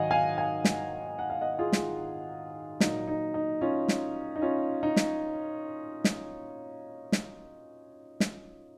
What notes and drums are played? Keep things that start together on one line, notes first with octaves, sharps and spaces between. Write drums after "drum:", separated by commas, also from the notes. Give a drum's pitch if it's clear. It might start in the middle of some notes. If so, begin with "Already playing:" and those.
Already playing: G#2 D#3 F#3 D#5 F5 F#5 G#5
F5 G#5
F5 G#5
drum: snare
F#5
F5
D#5 F#5
F4 G#4
drum: snare
A#2 F#3 A#3 D#4, drum: snare
D#4
D#4
C#4 F4
drum: snare
D#4
C#4 F4
D#4
drum: snare
drum: snare
drum: snare
drum: snare